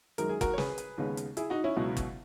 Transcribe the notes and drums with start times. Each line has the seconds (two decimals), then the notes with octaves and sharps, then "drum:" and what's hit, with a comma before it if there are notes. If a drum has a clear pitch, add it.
0.18 F#2 D#3 G#3 A#4, drum: hi-hat
0.29 G#4
0.41 F#4 A#4, drum: kick G1, hi-hat
0.54 C#5
0.58 G#4 B4, drum: snare
0.78 drum: hi-hat
0.98 D#2 C#3 G#3 B3
1.17 drum: hi-hat
1.37 E4 G#4, drum: hi-hat
1.50 D#4 F#4
1.64 C#4 E4
1.76 C#2 B2 F#3 B3
1.97 drum: kick G1, hi-hat